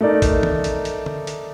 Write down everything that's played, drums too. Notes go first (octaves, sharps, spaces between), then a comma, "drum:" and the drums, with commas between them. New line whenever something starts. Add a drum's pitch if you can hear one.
A3 D#4 A#4 D5
drum: kick A#1, hi-hat
drum: tom D#3
drum: hi-hat
drum: hi-hat
drum: tom D3
drum: hi-hat